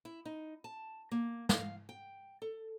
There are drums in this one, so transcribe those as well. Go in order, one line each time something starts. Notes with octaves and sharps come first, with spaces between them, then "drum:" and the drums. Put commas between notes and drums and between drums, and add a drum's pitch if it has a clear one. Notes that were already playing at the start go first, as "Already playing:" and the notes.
E4
D#4
A5
A#3
F5, drum: snare
G5
A4